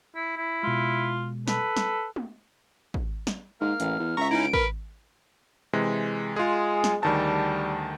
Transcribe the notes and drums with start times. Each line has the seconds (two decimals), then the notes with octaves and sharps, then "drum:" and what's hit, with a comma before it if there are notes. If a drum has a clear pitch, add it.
0.15 E4
0.37 E4
0.63 B2 G#3 F4
1.48 A4 B4, drum: snare
1.77 drum: snare
2.16 drum: tom
2.94 drum: kick
3.27 drum: snare
3.61 G#2 A#3 F6
3.80 A1, drum: hi-hat
3.99 E2
4.17 C#2 E5 A#5 C#6
4.31 C#4 D#4 E4 D7
4.53 A#4 B4, drum: kick
5.73 C3 E3 G#3
6.36 G#3 F4 G#4
6.84 drum: snare
7.03 D2 D#3 G3 A5